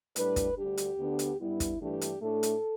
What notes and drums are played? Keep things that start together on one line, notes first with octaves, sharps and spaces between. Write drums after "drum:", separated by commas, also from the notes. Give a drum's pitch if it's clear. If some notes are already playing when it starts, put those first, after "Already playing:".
A2 G3 D4 B4, drum: hi-hat
drum: kick, hi-hat
D2 D3 G3 D4 G4
drum: hi-hat
D2 D3 B3 D4
drum: hi-hat
G2 G3 B3 E4
drum: kick, hi-hat
G2 E3 A3 D4 G4
drum: hi-hat
A2 A3 D4 A4
drum: hi-hat